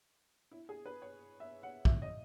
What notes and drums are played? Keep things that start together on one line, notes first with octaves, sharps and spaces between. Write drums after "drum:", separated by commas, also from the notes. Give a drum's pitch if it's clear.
E4
G#4
B4
C#5
E5
F#5
E5, drum: kick
D#5